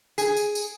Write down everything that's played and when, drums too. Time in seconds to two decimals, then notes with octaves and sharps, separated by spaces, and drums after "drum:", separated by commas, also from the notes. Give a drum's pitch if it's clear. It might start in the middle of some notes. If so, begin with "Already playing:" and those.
0.18 G#4, drum: tambourine
0.37 drum: tambourine
0.55 drum: tambourine